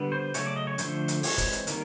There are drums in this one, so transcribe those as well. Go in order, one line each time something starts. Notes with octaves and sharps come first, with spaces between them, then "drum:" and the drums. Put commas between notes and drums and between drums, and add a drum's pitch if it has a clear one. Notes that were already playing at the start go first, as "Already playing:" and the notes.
Already playing: D3 G3 B3
C5
C#3 F#3 A3 C#4 C#5, drum: hi-hat
D5
D#5
C#5
D3 F3 A3 C5, drum: hi-hat
drum: hi-hat
E3 G#3 C4 C#5, drum: open hi-hat
drum: kick E1, hi-hat
drum: hi-hat
D#3 G3 A#3, drum: hi-hat